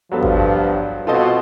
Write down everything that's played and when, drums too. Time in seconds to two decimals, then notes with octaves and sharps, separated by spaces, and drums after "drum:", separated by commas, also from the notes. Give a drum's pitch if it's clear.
0.11 G2 F3 F#3 B3 A4
0.23 drum: kick G#1
1.07 B2 C4 F4 A4 D#5